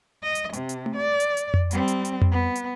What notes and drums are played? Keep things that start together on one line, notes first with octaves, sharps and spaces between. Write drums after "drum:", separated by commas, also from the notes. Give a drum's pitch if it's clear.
D#5
drum: hi-hat
C3, drum: hi-hat
drum: hi-hat
drum: tom A3
D5
drum: hi-hat
drum: hi-hat
drum: tom F2
G3 C4, drum: hi-hat
drum: hi-hat
drum: hi-hat
drum: tom F2
B3
drum: hi-hat